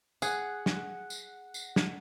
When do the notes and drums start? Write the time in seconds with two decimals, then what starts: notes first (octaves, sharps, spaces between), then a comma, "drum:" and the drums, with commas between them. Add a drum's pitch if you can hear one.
0.22 G#4 F#5, drum: tambourine
0.66 drum: snare
1.10 drum: tambourine
1.54 drum: tambourine
1.76 drum: snare